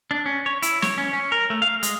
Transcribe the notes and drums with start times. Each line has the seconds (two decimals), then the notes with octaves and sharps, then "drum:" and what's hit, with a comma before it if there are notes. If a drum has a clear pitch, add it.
0.11 D4
0.26 C#4
0.46 C#5
0.62 E4, drum: hi-hat
0.82 C#5, drum: snare
0.98 C#4
1.13 C#4
1.32 A#4
1.50 A3
1.62 F5
1.83 G#3, drum: hi-hat